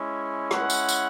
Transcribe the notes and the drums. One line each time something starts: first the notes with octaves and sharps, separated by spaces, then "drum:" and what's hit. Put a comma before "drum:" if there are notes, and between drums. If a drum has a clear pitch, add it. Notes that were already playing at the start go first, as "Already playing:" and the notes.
Already playing: G#3 C#4 E4
F#5, drum: rim click
drum: tambourine
drum: tambourine